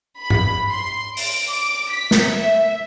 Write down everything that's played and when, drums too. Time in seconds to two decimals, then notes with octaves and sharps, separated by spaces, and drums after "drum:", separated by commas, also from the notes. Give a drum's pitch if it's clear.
0.19 B5
0.30 drum: tom G#2
0.70 C6
1.17 D7, drum: open hi-hat
1.50 D6
1.89 B6
2.11 drum: snare
2.31 E5